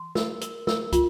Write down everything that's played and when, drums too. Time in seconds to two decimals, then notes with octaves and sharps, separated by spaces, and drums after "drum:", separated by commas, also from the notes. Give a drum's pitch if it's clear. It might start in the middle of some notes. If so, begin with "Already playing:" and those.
Already playing: C6
0.15 A#4, drum: snare
0.41 A#4, drum: hi-hat
0.67 A#4, drum: snare
0.93 F4, drum: kick, hi-hat